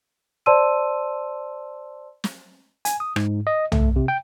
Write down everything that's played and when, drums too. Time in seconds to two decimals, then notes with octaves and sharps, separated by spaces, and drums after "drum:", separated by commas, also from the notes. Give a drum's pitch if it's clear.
0.46 C5 D5 A5 C6 E6 D#7
2.24 drum: snare
2.85 G#5, drum: hi-hat
3.00 D#6
3.16 G#2, drum: rim click
3.47 D#5
3.72 A3, drum: tom
3.96 C3
4.08 G5